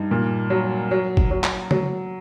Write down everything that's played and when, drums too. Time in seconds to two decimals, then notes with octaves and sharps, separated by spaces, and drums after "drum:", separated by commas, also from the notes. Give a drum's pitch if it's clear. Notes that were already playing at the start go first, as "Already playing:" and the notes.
Already playing: G2 D#4
0.11 A#2
0.50 F#3
0.91 F#3
1.17 drum: kick G1
1.31 F#3
1.44 drum: clap
1.71 F#3, drum: tom